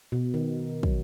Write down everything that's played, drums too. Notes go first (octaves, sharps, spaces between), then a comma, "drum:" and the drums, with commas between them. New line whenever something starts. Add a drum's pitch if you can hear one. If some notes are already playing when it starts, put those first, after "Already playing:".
B2
D#3
F#3, drum: kick